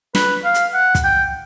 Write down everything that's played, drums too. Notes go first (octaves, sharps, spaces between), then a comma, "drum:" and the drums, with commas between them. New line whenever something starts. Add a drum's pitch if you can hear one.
B4, drum: snare
F5
drum: hi-hat
F#5
drum: kick, hi-hat
G5